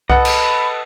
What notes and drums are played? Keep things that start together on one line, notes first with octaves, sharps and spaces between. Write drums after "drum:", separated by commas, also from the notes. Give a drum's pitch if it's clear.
A4 B4 D#5 F#5 B5, drum: kick C2
drum: cymbal